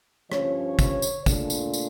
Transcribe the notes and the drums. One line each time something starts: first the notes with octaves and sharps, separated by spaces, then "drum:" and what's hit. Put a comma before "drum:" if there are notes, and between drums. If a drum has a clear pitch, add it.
G2 F3 C#4 C#5, drum: rim click
drum: kick, tambourine
drum: tambourine
A#2 A3 D4, drum: kick, tambourine
drum: tambourine
drum: tambourine